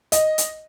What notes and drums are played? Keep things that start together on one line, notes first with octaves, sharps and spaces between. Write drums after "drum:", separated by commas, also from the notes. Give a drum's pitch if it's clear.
D#5, drum: hi-hat
drum: hi-hat